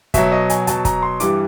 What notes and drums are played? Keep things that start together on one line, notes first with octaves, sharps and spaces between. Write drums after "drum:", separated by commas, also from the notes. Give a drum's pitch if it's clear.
B2 F#3 E5, drum: kick, hi-hat
D#5
G#5, drum: hi-hat
B2 F#3 A5, drum: hi-hat
A#5, drum: kick, hi-hat
C6
G2 E3 G3 D6, drum: hi-hat